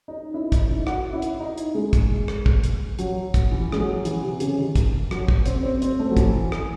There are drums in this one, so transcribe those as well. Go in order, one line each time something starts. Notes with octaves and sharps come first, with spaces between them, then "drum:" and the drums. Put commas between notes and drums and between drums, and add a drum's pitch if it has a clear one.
D#4
E4
D#4, drum: kick, hi-hat
E4
F#4, drum: rim click
E4
drum: hi-hat
D#4
drum: hi-hat
G#3
drum: kick, hi-hat
drum: rim click
drum: kick
drum: hi-hat
F#3, drum: hi-hat
drum: kick, hi-hat
E3
G#3, drum: rim click
F#3
E3, drum: hi-hat
C3
C#3, drum: hi-hat
D#3
drum: kick, hi-hat
F#3, drum: rim click
drum: kick
C4, drum: hi-hat
C4
C4, drum: hi-hat
A3
F#3
E3, drum: kick, hi-hat
drum: rim click